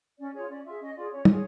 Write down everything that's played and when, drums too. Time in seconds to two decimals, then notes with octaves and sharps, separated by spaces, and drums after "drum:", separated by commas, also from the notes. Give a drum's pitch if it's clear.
0.18 C#4 D5
0.33 F4 G#4 C#5
0.48 C#4 D5
0.64 F4 G#4 E5
0.79 C#4 D#5
0.95 F4 G#4 D5
1.10 C#4 C#5
1.25 F4 G#4, drum: tom